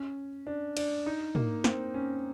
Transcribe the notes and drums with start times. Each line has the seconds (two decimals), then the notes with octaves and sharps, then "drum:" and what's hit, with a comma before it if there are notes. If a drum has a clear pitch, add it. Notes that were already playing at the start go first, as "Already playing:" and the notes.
Already playing: C#4
0.47 D4
0.77 D4, drum: cymbal
1.06 D#4
1.35 A#3, drum: tom
1.64 C4, drum: snare
1.94 C#4